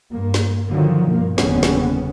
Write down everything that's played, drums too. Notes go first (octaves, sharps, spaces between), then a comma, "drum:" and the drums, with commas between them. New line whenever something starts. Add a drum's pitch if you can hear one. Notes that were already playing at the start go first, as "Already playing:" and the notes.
G2 A#3
drum: snare
D3 D#3 F3 F#3
G2 B2 A#3
F#1 E2 D3 G3 B3 C#4, drum: snare
drum: snare